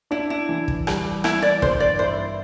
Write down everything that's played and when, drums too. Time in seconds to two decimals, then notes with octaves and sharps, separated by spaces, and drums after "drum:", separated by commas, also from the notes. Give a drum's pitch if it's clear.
0.11 D4 E4
0.30 E4
0.49 E3
0.68 drum: kick
0.87 G3, drum: rim click
1.24 E3 E4, drum: rim click
1.42 D5
1.62 G2 C5, drum: kick
1.80 D5
1.99 E4 C5